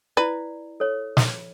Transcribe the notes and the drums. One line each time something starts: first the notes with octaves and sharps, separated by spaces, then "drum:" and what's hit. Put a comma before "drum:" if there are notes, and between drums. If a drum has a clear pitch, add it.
E4 B4 D5
A4 C#5
drum: snare